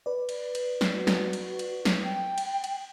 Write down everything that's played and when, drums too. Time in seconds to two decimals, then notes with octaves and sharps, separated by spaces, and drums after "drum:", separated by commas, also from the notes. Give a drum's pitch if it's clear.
0.06 B4 D5
0.29 drum: cymbal
0.55 drum: cymbal
0.81 drum: snare
0.94 F#4
1.07 drum: snare
1.33 drum: cymbal
1.59 drum: cymbal
1.85 drum: snare
2.04 G5
2.38 drum: cymbal
2.64 drum: cymbal